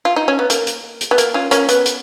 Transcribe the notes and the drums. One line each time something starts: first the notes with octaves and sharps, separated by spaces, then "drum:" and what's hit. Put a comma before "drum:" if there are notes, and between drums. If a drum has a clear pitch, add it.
F4
D#4
C#4
B3
A#3, drum: hi-hat
drum: hi-hat
drum: hi-hat
B3
A#3, drum: hi-hat
C#4 F4
A#3 C#4, drum: hi-hat
B3, drum: hi-hat
drum: hi-hat